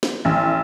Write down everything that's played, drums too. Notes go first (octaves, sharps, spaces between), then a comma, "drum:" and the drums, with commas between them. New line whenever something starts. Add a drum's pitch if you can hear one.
drum: snare
A1